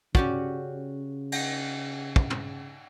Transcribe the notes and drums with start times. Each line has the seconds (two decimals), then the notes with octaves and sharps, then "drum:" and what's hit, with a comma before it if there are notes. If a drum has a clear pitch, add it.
0.15 C#3 C#4 F#4 G4 D5, drum: kick
1.32 drum: cymbal
2.16 drum: kick
2.30 drum: tom